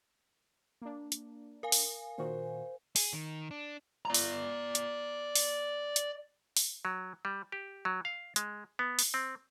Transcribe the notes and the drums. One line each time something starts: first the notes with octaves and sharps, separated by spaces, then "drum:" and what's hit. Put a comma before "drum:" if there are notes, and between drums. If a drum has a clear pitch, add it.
A#3 D4
drum: hi-hat
A#4 F5 G#5
drum: open hi-hat
A#2 D#3 F#4 C5
G#4, drum: open hi-hat
D#3
D4
D5 A#5
drum: open hi-hat
drum: hi-hat
drum: open hi-hat
drum: hi-hat
drum: open hi-hat
F#3
G3
G4
F#3
F5
G#3, drum: hi-hat
B3
drum: open hi-hat
C4